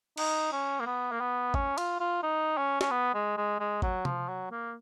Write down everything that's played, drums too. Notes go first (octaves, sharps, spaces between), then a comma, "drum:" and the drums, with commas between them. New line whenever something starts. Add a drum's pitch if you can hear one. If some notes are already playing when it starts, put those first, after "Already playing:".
D#4, drum: cymbal
C#4
A#3
B3
A#3
B3
C#4, drum: kick G#1
F4, drum: cymbal
F4
D#4
C#4
C#4, drum: snare
B3
G#3
G#3
G#3
F#3, drum: kick G#1
F3, drum: tom C3
F#3
A#3